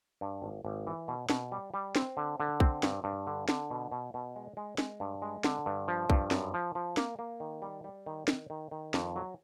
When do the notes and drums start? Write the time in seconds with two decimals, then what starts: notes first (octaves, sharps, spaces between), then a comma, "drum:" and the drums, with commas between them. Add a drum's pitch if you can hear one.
0.21 G2
0.42 G#1
0.65 G#1
0.87 E3
1.08 B2
1.30 B2, drum: snare
1.52 G3
1.74 G3
1.96 C4, drum: snare
2.17 D3
2.40 D3
2.60 C4, drum: kick B1
2.83 G2, drum: snare
3.04 G2
3.27 D3
3.49 D3, drum: snare
3.71 B2
3.92 B2
4.14 B2
4.36 G#3
4.57 G#3
4.78 G#3, drum: snare
5.00 G2
5.22 G#3
5.44 D3, drum: snare
5.66 G2
5.88 F3
6.10 G2, drum: kick B1
6.31 F#2, drum: snare
6.54 F3
6.75 F3
6.97 A#3, drum: snare
7.19 A#3
7.40 D#3
7.62 G3
7.84 G3
8.06 D#3
8.28 D#3, drum: snare
8.50 D#3
8.71 D#3
8.94 F2, drum: snare
9.16 F#3